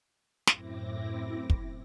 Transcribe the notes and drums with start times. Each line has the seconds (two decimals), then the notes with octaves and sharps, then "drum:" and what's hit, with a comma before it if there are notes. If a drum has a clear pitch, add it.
0.47 F#2 A2 C4 E4 D6 A#6, drum: snare
1.50 drum: kick